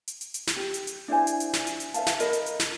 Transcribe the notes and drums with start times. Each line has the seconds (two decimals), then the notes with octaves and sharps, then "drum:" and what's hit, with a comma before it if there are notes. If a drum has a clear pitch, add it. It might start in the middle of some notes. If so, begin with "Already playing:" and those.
0.08 drum: hi-hat
0.21 drum: hi-hat
0.34 drum: hi-hat
0.47 drum: snare
0.57 G4
0.74 drum: hi-hat
0.87 drum: hi-hat
1.08 D4 E4 C5 G#5
1.27 drum: hi-hat
1.40 drum: hi-hat
1.53 drum: snare
1.67 drum: hi-hat
1.80 drum: hi-hat
1.94 B4 E5 F5 A5, drum: hi-hat
2.06 drum: snare
2.20 A#4 D#5 B5, drum: hi-hat
2.33 drum: hi-hat
2.46 drum: hi-hat
2.60 drum: snare